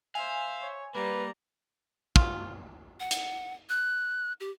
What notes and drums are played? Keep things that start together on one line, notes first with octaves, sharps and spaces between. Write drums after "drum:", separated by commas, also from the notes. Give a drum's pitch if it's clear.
C5 E5 F5 G#5
C#5
G3 A#3 B4 A#5
F4, drum: kick
F#5
drum: hi-hat
F#6
G4